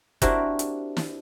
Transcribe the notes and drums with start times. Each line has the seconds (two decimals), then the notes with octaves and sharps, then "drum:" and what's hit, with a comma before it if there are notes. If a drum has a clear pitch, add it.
0.22 C4 D4 E4 F#4 G4 A#4, drum: kick F#1, hi-hat
0.59 drum: hi-hat
0.97 drum: snare